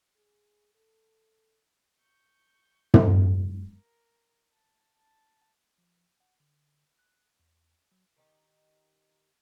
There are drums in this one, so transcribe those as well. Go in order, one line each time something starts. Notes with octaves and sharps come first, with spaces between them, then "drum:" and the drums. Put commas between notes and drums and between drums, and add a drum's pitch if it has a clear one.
G#4
A4
C#6 G6
drum: tom
A#4
A5
A5
F3
F#5
D3
F#6
E2
F#3
D#3 D#4 G4